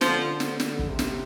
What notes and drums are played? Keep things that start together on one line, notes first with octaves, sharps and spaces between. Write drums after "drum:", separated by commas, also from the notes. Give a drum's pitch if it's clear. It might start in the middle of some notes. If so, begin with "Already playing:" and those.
D3 F3, drum: snare
D3
drum: snare
D3, drum: snare
drum: kick
C3
drum: snare